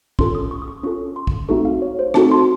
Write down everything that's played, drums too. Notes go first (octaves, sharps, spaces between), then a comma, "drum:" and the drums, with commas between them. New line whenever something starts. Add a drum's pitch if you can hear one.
C#4 F4 A4 C6, drum: kick
D#6
C#6
D#6
C#6
C#4 F4 A4 C#6
C6
drum: kick
A3 C4 D#4 F#4 A4 C#6
F5
C#5
C5
A3 C4 D#4 F#4 A4 A5, drum: rim click
C6